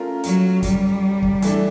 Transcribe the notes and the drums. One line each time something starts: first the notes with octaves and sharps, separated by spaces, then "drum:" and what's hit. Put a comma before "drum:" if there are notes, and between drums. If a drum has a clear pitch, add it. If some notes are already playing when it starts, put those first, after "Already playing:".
Already playing: A3 C#4 F4 A#4
F#3, drum: hi-hat
G3, drum: kick, hi-hat
drum: kick
E3 A3 D4, drum: hi-hat